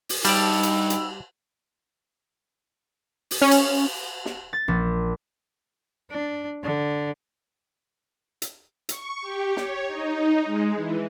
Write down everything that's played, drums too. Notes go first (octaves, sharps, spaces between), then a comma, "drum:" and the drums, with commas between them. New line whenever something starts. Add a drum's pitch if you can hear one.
drum: open hi-hat
G2 G3 D#4 D5 G5 A5 B5 E6, drum: cymbal
drum: hi-hat
drum: hi-hat
drum: open hi-hat
C#4
drum: cymbal
drum: snare
A6
A#1
D4
D3
drum: hi-hat
C#6, drum: hi-hat
G4
C#5, drum: snare
D#4
G#3
E3